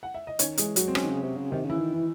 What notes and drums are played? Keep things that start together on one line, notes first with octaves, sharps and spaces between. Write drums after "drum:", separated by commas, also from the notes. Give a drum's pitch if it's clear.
F#5
E5
D#5
D#3 C#4 C#5, drum: hi-hat
E3 G#3 G#4, drum: hi-hat
F#3 F#4, drum: hi-hat
C4
C#4, drum: rim click
D#3
C#3
C3
C#3
C3 D#3 D#4
C#3 E3 E4
D#3
E3